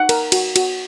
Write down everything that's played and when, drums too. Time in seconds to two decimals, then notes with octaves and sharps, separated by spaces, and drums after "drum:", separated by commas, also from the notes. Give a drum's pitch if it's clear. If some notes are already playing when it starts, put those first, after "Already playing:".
Already playing: D#4 F#5
0.09 A#4, drum: cymbal
0.32 F#4, drum: cymbal
0.56 F#4, drum: cymbal